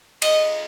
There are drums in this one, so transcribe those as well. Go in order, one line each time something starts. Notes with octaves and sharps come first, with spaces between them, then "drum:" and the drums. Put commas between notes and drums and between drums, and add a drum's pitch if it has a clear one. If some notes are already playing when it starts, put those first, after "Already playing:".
D#5, drum: cymbal